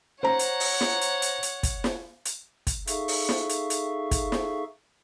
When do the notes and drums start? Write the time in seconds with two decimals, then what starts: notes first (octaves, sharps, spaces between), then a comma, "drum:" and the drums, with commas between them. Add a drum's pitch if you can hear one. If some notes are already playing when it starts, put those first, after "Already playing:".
0.23 C5 C#5 F#5 A#5
0.39 drum: hi-hat
0.60 drum: open hi-hat
0.81 drum: snare
1.01 drum: hi-hat
1.22 drum: hi-hat
1.43 drum: hi-hat
1.63 drum: kick, hi-hat
1.84 drum: snare
2.25 drum: hi-hat
2.67 drum: kick, hi-hat
2.87 D#4 G#4 A4 E5 F5 C#6, drum: hi-hat
3.08 drum: open hi-hat
3.29 drum: snare
3.49 drum: hi-hat
3.70 drum: hi-hat
4.11 drum: kick, hi-hat
4.32 drum: snare